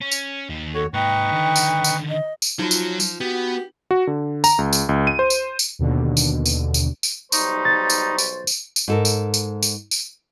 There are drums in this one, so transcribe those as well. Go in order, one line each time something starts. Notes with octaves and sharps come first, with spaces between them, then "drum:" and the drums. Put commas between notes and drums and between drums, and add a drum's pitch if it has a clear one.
C#4
drum: tambourine
D#2 D#3
F#4 A4 C#5
G#2 A#3 D#4 B4 G5 C#6
D3 D#3
drum: tambourine
drum: tambourine
D#5
drum: tambourine
F3 F#3 D#4 F4
drum: tambourine
drum: tambourine
B3 F#4 G4
F#4
D3
A#5, drum: tambourine
C#2
drum: tambourine
C#2
D#7
C5
drum: tambourine
drum: tambourine
D#2 B2 D3
drum: tambourine
drum: tambourine
drum: tambourine
drum: tambourine
B1 G3 D#4 C5 C#6, drum: tambourine
A6
drum: tambourine
drum: tambourine
drum: tambourine
drum: tambourine
G#2 A4 A#4
drum: tambourine
drum: tambourine
drum: tambourine
drum: tambourine